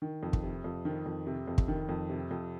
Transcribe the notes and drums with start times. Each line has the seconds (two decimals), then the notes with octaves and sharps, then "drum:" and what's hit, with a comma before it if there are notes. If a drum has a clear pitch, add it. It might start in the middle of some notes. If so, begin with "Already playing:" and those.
0.02 D#3
0.23 F2
0.33 drum: kick
0.43 C3
0.64 F2
0.85 D#3
1.06 F2
1.27 C3
1.47 F2
1.58 drum: kick
1.68 D#3
1.89 F2
2.09 C3
2.31 F2